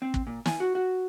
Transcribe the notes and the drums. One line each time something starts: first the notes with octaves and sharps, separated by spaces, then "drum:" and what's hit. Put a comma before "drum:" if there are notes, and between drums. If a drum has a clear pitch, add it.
C4
drum: kick
A#2
G#5, drum: snare
F#4
F#4